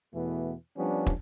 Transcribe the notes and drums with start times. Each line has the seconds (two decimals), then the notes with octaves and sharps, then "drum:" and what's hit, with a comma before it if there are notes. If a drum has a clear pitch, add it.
0.14 E2 B2 E3 A3 B3
0.77 F3 G3 B3 C#4 D4
1.06 drum: kick